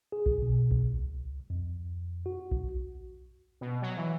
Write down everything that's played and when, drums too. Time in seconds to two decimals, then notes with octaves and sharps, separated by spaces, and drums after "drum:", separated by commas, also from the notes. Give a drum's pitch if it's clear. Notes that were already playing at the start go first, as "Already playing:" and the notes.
0.12 G#4
0.26 drum: kick A#1
0.42 B2
0.71 drum: kick A#1
0.94 C#2
1.50 F2
2.26 F#4
2.52 drum: kick A#1
3.61 B2
3.82 F#3
3.97 E3